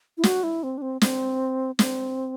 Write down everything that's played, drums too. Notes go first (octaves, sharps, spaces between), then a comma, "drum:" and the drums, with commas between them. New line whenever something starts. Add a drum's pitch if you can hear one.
E4
F#4, drum: snare
E4
C4
D4
C4
C4, drum: snare
C4, drum: snare